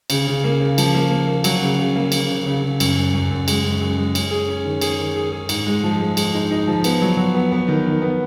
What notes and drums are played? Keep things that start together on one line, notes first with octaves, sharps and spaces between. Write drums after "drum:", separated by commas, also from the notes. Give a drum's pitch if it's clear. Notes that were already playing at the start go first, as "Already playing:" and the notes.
C#3, drum: cymbal
C#3
A#3
C#3
F3, drum: cymbal
A#3
A#3
A#3
F#3, drum: cymbal
C#3
C#3
A#3
C#3, drum: cymbal
C#3
C#3
C#3
F#2, drum: cymbal
F#2
F#2
F#2
G#3, drum: cymbal
F#2
F#2
G#3
C#4, drum: cymbal
G#4
C#4
D#3
G#4, drum: cymbal
D#3
G#4
G#4
G#2, drum: cymbal
G#3
F3
G#3
G#3, drum: cymbal
D#4
D#4
F3
B3, drum: cymbal
F#3
F#3
B3
B3
D#3
D#3
B3